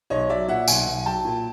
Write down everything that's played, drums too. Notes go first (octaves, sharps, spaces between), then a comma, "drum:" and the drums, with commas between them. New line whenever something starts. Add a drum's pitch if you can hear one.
B1 C#5 D#5
F#3 D5 E5
A#2 E5 F#5
B1 F#5 G#5, drum: tambourine
B1
F#3 G5 A5
A#2